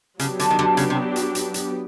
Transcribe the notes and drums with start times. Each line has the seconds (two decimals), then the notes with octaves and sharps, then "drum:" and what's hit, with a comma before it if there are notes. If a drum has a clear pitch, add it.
0.19 C#3 F#3 B3 D4 G4, drum: hi-hat
0.40 D3, drum: hi-hat
0.51 D#3
0.59 D3, drum: rim click
0.77 C#3, drum: hi-hat
0.90 C3
1.16 drum: hi-hat
1.35 drum: hi-hat
1.54 drum: hi-hat